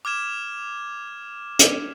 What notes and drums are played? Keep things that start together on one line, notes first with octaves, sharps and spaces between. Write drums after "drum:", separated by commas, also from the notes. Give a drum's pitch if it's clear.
D6 F6 G#6 E7
drum: hi-hat